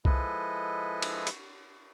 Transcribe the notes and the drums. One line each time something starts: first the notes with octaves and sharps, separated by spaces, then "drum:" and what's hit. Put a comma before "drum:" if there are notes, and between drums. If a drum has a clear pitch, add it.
F3 G#3 E4 A4 B4 D#5, drum: kick C2
drum: cymbal
drum: hi-hat